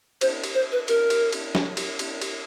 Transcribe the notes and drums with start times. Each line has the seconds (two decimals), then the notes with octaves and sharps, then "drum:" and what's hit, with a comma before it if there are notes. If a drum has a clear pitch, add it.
0.21 C5, drum: cymbal
0.44 drum: cymbal
0.55 C5
0.72 B4
0.88 A#4, drum: cymbal
1.10 drum: cymbal
1.33 drum: cymbal
1.55 drum: snare
1.77 drum: cymbal
1.99 drum: cymbal
2.21 drum: cymbal